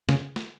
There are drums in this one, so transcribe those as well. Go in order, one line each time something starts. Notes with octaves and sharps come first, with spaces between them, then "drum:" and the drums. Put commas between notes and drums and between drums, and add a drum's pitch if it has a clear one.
C#3, drum: snare
drum: snare